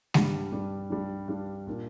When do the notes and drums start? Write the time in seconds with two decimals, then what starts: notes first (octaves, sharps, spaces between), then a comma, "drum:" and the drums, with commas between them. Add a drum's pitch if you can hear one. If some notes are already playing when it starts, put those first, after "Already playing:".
0.14 G2 G3 D4, drum: snare G#3
0.52 G2 G3 D4
0.90 G2 G3 D4
1.28 G2 G3 D4
1.67 A#2 A#3 D4